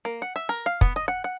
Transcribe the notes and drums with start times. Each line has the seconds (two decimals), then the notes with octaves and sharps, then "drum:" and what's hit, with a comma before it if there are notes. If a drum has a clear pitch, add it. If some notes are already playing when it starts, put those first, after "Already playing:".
0.05 A#3
0.22 F#5
0.36 E5
0.49 A#4
0.66 F5
0.81 B3, drum: kick
0.96 D#5
1.08 F#5
1.24 F#5